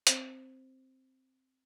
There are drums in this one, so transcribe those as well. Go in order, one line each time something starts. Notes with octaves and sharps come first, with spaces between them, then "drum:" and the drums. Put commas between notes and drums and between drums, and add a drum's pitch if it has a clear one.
C4 C5, drum: hi-hat